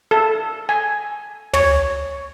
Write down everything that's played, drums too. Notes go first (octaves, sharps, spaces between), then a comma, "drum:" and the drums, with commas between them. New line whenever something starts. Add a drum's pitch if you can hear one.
A4
G#5
C#5, drum: tom